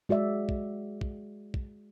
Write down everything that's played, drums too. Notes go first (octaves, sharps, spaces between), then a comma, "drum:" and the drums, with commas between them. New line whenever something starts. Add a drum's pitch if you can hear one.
G#3 F#4 D5 E5
drum: kick
drum: kick
drum: kick